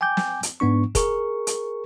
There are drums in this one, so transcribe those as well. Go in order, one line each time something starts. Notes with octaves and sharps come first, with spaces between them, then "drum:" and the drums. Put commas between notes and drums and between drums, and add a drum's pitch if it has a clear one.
G5 G#5 D6 G6
drum: snare
drum: hi-hat
G#2 B3 D4 C#6
G#4 A#4 C#6, drum: kick, hi-hat
drum: hi-hat